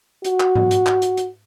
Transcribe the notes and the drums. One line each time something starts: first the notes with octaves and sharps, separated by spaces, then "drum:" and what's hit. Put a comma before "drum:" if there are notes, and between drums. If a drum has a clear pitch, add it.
F#4, drum: hi-hat
drum: clap
drum: tom G#2
drum: hi-hat
drum: clap
drum: hi-hat
drum: hi-hat